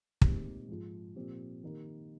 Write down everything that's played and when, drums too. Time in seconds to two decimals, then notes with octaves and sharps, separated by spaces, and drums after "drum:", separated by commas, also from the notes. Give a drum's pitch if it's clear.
0.21 A#2 G#3 C4 D#4 G4, drum: kick
0.69 G#2 F3 G#3
1.16 A#2 F3 C4 G4
1.63 D#3 A#3 D#4 G4